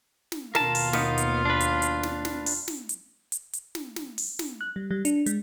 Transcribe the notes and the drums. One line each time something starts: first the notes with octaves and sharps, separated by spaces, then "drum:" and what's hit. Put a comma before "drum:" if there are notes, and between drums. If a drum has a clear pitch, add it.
drum: snare
D#2 B2 F4 A#4 F5 A5, drum: snare
drum: open hi-hat
A#3 B3 D#4, drum: snare
drum: hi-hat
D4 B4
drum: hi-hat
drum: hi-hat
drum: snare
drum: snare
drum: open hi-hat
drum: snare
drum: hi-hat
drum: hi-hat
drum: hi-hat
drum: snare
drum: snare
drum: open hi-hat
drum: snare
F#6
G3
G3
D4, drum: hi-hat
G#3, drum: hi-hat